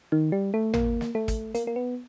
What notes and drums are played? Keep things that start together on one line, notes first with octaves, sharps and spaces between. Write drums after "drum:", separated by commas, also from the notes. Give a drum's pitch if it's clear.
D#3
G3
A3
A#3, drum: tom
drum: snare
A3
drum: kick, hi-hat
A#3, drum: hi-hat
A#3
B3